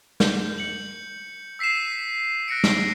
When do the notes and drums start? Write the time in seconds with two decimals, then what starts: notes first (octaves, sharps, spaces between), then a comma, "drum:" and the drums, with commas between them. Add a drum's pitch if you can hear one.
0.20 G6, drum: snare
0.58 C#7 F#7
1.59 E6 B6 C7 D#7 E7
2.48 F#6 A#6 C#7 D7
2.64 drum: snare